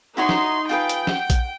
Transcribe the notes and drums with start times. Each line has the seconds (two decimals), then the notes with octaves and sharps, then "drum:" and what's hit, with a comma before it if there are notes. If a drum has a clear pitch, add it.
0.17 D#4 E4 F#4 C#5 C6
0.29 drum: snare
0.69 F4 G#4 B4 G5
0.89 drum: hi-hat
1.07 F#5, drum: snare
1.30 drum: kick A#1, hi-hat